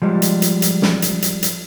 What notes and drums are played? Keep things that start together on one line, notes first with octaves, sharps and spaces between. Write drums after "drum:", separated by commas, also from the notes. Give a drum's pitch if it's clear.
F3 G3 G#3
drum: hi-hat
drum: hi-hat
drum: hi-hat
drum: snare
drum: hi-hat
drum: hi-hat
drum: hi-hat